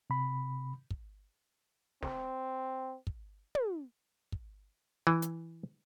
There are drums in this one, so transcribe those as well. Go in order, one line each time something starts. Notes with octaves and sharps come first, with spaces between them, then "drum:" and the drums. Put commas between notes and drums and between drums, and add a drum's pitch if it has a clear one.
C3 B5
drum: kick
C4, drum: snare
drum: kick
drum: tom
drum: kick
E3
drum: hi-hat